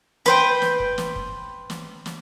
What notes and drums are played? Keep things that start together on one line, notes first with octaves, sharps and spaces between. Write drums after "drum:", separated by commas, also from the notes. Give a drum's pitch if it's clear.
B4 C5 G5, drum: snare
drum: snare
drum: kick
drum: snare
drum: kick
drum: snare
drum: snare